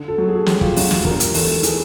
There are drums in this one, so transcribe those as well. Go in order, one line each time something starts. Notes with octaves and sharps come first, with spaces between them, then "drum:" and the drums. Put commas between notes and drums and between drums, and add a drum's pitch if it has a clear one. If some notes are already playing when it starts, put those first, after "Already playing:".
Already playing: D3
A4
F#3
G#4
F#3 G4, drum: snare
F4, drum: kick
F#3 D4, drum: open hi-hat
drum: snare
E1 A#4, drum: kick
drum: hi-hat
E3 A4, drum: open hi-hat
E3 G#4, drum: hi-hat